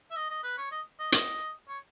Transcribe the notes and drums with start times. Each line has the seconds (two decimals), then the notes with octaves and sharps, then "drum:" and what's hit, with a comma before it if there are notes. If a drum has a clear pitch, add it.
0.11 E5
0.16 D#5
0.30 D#5
0.44 B4
0.57 C#5
0.71 D#5
0.99 D#5
1.12 D#5, drum: hi-hat
1.68 C#5